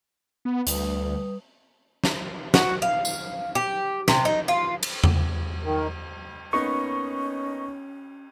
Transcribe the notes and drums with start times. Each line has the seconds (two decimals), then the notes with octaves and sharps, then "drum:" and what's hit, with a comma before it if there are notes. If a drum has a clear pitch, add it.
0.45 B3
0.67 D2 G3 B4 D#6, drum: hi-hat
2.04 drum: snare
2.54 F#4, drum: snare
2.82 F5
3.05 drum: tambourine
3.55 G4
4.08 C3, drum: snare
4.25 D#4
4.48 F4
4.83 drum: cymbal
5.04 drum: tom E2
5.63 D#3
6.53 A#3 B3 C#4 D#4 C#6